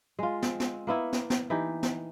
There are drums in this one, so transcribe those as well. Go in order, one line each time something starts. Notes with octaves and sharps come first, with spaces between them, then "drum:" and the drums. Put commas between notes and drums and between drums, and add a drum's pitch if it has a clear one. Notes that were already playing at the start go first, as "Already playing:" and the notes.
G#3 F4
C4, drum: snare
drum: snare
A#3 B3 E4
drum: snare
drum: snare
E3 D#4 G4
drum: snare